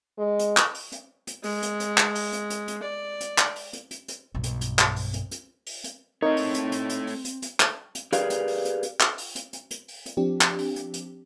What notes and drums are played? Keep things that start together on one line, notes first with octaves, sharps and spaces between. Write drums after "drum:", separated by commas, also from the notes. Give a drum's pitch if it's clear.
G#3
drum: hi-hat
drum: clap
drum: open hi-hat
drum: hi-hat
drum: hi-hat
G#3, drum: open hi-hat
drum: hi-hat
drum: hi-hat
drum: clap
drum: open hi-hat
drum: hi-hat
drum: hi-hat
drum: hi-hat
D5
drum: hi-hat
drum: clap
drum: open hi-hat
drum: hi-hat
drum: hi-hat
drum: hi-hat
B1 G2
drum: hi-hat
drum: hi-hat
drum: clap
drum: open hi-hat
drum: hi-hat
drum: hi-hat
drum: open hi-hat
drum: hi-hat
A3 C4 D#4 A#4 C#5 D#5
drum: open hi-hat
drum: hi-hat
drum: hi-hat
drum: hi-hat
drum: open hi-hat
drum: hi-hat
drum: hi-hat
drum: clap
drum: hi-hat
G4 G#4 A#4 B4 D5 F5, drum: hi-hat
drum: hi-hat
drum: open hi-hat
drum: hi-hat
drum: hi-hat
drum: clap
drum: open hi-hat
drum: hi-hat
drum: hi-hat
drum: hi-hat
drum: open hi-hat
drum: hi-hat
F3 C4 D4 G4
drum: clap
drum: open hi-hat
drum: hi-hat
drum: hi-hat